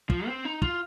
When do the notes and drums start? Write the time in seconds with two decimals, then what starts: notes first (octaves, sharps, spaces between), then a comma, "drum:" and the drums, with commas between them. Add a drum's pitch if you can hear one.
0.10 F3, drum: kick
0.27 C4
0.45 D#4
0.62 F4, drum: kick